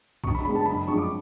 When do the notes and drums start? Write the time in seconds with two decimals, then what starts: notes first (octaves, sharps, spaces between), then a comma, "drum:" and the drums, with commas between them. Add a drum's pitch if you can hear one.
0.24 F2 C#6, drum: kick
0.35 B5
0.45 C#3 G#3 B3 B5
0.55 A5
0.66 F#1 B5
0.77 B5
0.87 F2 F3 G#3 C#6
0.98 D6